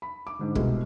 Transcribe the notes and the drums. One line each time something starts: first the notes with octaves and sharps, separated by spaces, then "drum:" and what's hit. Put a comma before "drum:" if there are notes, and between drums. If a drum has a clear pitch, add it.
B5
D6
G#2 D3
C2 B2 G#3 F#4 A4 D#5, drum: kick